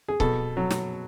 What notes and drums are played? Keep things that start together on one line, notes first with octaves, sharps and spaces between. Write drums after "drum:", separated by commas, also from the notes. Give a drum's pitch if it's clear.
G#4
B2 A4, drum: kick C#1
F#3
drum: snare